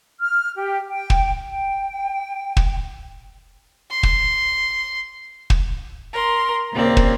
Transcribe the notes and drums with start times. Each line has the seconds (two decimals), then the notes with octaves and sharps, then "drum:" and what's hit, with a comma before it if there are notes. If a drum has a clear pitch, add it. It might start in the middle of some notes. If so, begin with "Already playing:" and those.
0.19 F6
0.56 G4
0.88 G5
1.10 drum: kick
1.48 G5
2.57 drum: kick
3.90 C6
4.03 drum: kick
5.50 drum: kick
6.14 A#4 C6
6.72 D#2 A#2 C#3 A#3 C4 D5
6.97 drum: kick